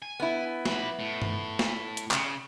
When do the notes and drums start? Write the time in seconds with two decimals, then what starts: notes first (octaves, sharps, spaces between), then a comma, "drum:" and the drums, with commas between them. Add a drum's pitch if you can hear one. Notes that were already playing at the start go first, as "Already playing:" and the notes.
0.02 G#5
0.20 B3 E4
0.66 F#3 B4, drum: snare
0.99 A2
1.22 drum: tom G2
1.59 drum: snare
1.97 drum: hi-hat
2.11 C#3, drum: clap